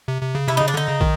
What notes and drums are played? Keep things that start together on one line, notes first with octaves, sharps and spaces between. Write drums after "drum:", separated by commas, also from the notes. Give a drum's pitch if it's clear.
C3
C3
C#3
C3 E4
C#3 D#4
D4
D3 D#4
C#3
D#3, drum: kick